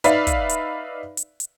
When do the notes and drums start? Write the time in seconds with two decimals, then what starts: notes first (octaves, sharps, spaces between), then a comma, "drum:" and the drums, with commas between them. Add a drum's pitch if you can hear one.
0.04 D#4 B4 D5 E5 F5 B5, drum: hi-hat
0.27 drum: kick, hi-hat
0.49 drum: hi-hat
1.17 drum: hi-hat
1.40 drum: hi-hat